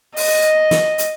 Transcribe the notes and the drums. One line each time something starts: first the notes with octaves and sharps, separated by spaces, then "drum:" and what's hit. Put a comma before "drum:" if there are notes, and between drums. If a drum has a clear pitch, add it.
D#5, drum: open hi-hat
drum: snare
drum: hi-hat